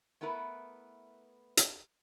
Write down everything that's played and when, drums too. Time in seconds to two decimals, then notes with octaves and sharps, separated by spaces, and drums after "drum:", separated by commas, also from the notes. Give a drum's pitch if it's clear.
0.21 A3 B3 E4 A#4 B4
1.57 drum: hi-hat